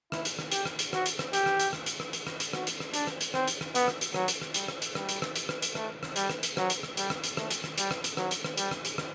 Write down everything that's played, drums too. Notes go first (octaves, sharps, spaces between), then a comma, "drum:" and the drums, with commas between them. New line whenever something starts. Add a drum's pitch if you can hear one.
E4, drum: rim click
drum: hi-hat
drum: rim click
G4, drum: hi-hat
drum: rim click
drum: hi-hat
F#4, drum: rim click
drum: hi-hat
drum: rim click
G4, drum: hi-hat
drum: rim click
drum: hi-hat
drum: rim click
drum: hi-hat
drum: rim click
drum: hi-hat
drum: rim click
drum: hi-hat
F#4, drum: rim click
drum: hi-hat
drum: rim click
D4, drum: hi-hat
drum: rim click
drum: hi-hat
C4, drum: rim click
drum: hi-hat
drum: rim click
B3, drum: hi-hat
drum: rim click
drum: hi-hat
F#3, drum: rim click
drum: hi-hat
drum: rim click
G3, drum: hi-hat
drum: rim click
drum: hi-hat
G3, drum: rim click
drum: hi-hat
drum: rim click
drum: hi-hat
drum: rim click
drum: hi-hat
A3, drum: rim click
drum: rim click
G3, drum: hi-hat
drum: rim click
drum: hi-hat
F#3, drum: rim click
drum: hi-hat
drum: rim click
G3, drum: hi-hat
drum: rim click
drum: hi-hat
A3, drum: rim click
drum: hi-hat
drum: rim click
G3, drum: hi-hat
drum: rim click
drum: hi-hat
F#3, drum: rim click
drum: hi-hat
drum: rim click
G3, drum: hi-hat
drum: rim click
drum: hi-hat
drum: rim click